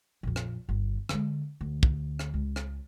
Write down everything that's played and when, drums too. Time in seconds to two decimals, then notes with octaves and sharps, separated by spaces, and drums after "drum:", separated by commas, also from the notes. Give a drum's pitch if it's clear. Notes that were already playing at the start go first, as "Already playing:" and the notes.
0.23 A#1 F2
0.36 drum: rim click
0.69 G1 D#2
1.09 D3 G#3, drum: rim click
1.61 D2
1.83 drum: kick
2.19 drum: rim click
2.34 C#2
2.56 drum: rim click